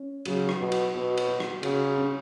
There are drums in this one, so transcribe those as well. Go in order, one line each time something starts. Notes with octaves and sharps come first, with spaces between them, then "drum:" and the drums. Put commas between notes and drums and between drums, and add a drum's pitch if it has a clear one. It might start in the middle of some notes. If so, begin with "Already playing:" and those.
Already playing: C#4
C#3 F#3, drum: cymbal
drum: rim click
B2 F#4
drum: cymbal
B2 F#4
drum: cymbal
F#4
drum: rim click
C#3 F#4, drum: cymbal
C#4